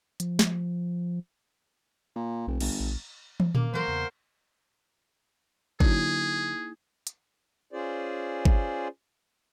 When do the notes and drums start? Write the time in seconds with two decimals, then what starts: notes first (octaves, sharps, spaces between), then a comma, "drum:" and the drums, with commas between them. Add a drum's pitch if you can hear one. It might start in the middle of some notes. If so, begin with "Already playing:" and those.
0.20 F3, drum: hi-hat
0.39 drum: snare
2.16 A#2
2.47 F1 B1
2.60 G1, drum: cymbal
2.80 A#1
3.40 drum: tom
3.55 D#3 A#3 C#4, drum: tom A#2
3.74 E3 F#3 F#4 A#4 C5
3.88 E2 C#3
5.80 D3 F#3 A#3 D#4 E4 G#4, drum: kick
7.07 drum: hi-hat
7.73 C#4 F4 G#4 C5 D5
8.45 drum: kick